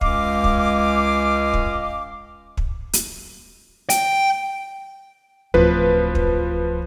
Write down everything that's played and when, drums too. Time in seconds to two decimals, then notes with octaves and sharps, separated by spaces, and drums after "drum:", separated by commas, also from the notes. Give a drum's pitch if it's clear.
0.01 C#2 G#3 C#4 D#5 F5 D6, drum: kick
0.44 drum: kick
1.53 drum: kick
2.57 drum: kick
2.93 drum: hi-hat
3.90 G5, drum: hi-hat
5.54 D1 F3 B4
6.15 drum: kick